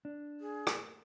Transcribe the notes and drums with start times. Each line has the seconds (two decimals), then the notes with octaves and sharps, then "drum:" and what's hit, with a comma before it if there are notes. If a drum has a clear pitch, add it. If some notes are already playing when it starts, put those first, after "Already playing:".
0.05 D4
0.41 G#4
0.67 drum: rim click